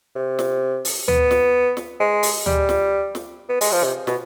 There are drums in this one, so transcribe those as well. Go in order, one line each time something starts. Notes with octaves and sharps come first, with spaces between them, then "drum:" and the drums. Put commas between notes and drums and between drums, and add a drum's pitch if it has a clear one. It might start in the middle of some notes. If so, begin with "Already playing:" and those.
C3
drum: snare
drum: open hi-hat
B3, drum: tom D2
drum: snare
drum: snare
G#3
drum: open hi-hat
G3, drum: tom D2
drum: snare
drum: snare
B3
G#3, drum: open hi-hat
F3
C3
B2, drum: snare